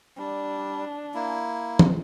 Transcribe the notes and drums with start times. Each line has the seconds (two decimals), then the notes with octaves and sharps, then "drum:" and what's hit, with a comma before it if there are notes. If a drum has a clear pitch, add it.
0.18 G3 D4
1.14 A#3 E4
1.79 drum: tom E3